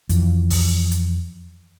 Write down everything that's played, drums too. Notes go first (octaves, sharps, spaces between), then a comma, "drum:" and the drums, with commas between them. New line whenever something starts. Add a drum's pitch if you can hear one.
F2 E3, drum: hi-hat
drum: kick, open hi-hat
drum: hi-hat